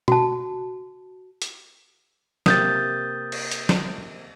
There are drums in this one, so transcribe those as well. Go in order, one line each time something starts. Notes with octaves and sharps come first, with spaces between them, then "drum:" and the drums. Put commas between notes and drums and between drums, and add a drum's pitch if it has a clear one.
F#4 A5, drum: tom B2
drum: hi-hat
C3 A#3 G4 D#6 G6 A6, drum: snare
drum: cymbal
drum: hi-hat
drum: snare